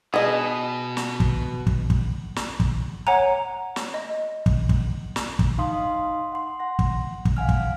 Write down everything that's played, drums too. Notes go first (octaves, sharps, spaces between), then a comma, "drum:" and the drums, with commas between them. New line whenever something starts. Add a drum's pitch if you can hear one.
B2 G#4 D#5
drum: snare
drum: kick
drum: kick
drum: kick
drum: snare
drum: kick
C#5 F#5 G#5 A#5
drum: snare
D#5
drum: kick
drum: kick
drum: snare
drum: kick
D#4 F5 C6 D#6
F#5 C6
F#5 A#6
drum: kick
drum: kick
F5 F#5 G#5 F6
drum: kick